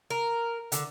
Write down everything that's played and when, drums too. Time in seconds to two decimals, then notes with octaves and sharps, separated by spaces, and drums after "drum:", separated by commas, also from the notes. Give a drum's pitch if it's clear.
0.10 A#4
0.72 D3, drum: hi-hat